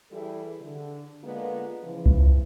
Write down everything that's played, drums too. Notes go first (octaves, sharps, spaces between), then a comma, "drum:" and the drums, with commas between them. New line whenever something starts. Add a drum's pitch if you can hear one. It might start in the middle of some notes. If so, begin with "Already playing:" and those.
E3 G3 E4 G#4 A4
D3
D3 G#3 A#3 B3 F4
C#3 E3 F3
drum: kick C2